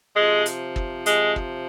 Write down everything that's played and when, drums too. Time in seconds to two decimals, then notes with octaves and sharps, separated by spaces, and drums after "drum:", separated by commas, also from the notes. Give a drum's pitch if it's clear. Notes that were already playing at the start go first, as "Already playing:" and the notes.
0.15 C3 F3 G#3
0.46 drum: hi-hat
0.76 drum: kick
1.06 G#3, drum: hi-hat
1.36 drum: kick